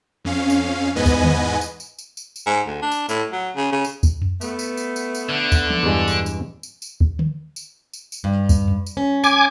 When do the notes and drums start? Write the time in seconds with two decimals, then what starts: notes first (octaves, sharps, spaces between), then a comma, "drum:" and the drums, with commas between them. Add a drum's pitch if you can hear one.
0.24 F2 C#4 F5
0.50 drum: tambourine
0.95 E2 G#2 B3 B4 D#5 G#5
1.06 drum: kick D2, tambourine
1.24 drum: tom D3
1.61 drum: tambourine
1.80 drum: tambourine
1.99 drum: tambourine
2.17 drum: tambourine
2.36 drum: tambourine
2.46 G#2
2.67 D2
2.82 D4
2.91 drum: tambourine
3.09 A2, drum: tambourine
3.32 F#3
3.56 C#3
3.72 C#3
3.84 drum: tambourine
4.03 drum: kick D2, tambourine
4.22 drum: tom F2
4.41 A3 B3, drum: tambourine
4.59 drum: tambourine
4.77 drum: tambourine
4.96 drum: tambourine
5.15 drum: tambourine
5.29 D3
5.52 drum: kick D2, tambourine
5.70 drum: tom
5.83 E2 G2 G#3
6.08 drum: tambourine
6.26 drum: tambourine
6.63 drum: tambourine
6.82 drum: tambourine
7.01 drum: kick D2
7.19 drum: tom D3
7.56 drum: tambourine
7.93 drum: tambourine
8.12 drum: tambourine
8.24 G2
8.49 drum: kick D2, tambourine
8.68 drum: tom F2
8.86 drum: tambourine
8.97 C#4
9.24 G#5 D6 G#6, drum: tambourine